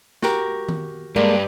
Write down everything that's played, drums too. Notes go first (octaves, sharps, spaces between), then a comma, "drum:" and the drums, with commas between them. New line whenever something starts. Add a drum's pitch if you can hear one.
F#4 G4 A#4, drum: snare
drum: tom D#3
G2 G#3 A#3 D5